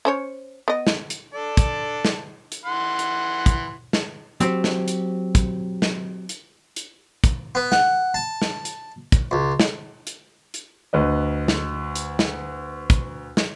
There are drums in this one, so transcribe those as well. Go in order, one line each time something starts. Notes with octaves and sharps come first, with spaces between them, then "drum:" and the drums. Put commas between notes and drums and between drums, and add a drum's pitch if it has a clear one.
C#4 C5 C#5
B3 D#5
drum: snare
drum: hi-hat
A4 D5 A5
drum: kick, hi-hat
drum: snare
drum: hi-hat
E3 F#5 C6
drum: hi-hat
drum: kick, hi-hat
drum: snare
F#3 C4 G4, drum: hi-hat
drum: snare
drum: hi-hat
drum: kick, hi-hat
drum: snare
drum: hi-hat
drum: hi-hat
drum: kick, hi-hat
B3
F#5, drum: snare
A5
drum: snare
drum: hi-hat
drum: kick, hi-hat
C#2
drum: snare
drum: hi-hat
drum: hi-hat
D2 B4 D#5
drum: snare
drum: hi-hat
drum: snare
drum: kick, hi-hat
drum: snare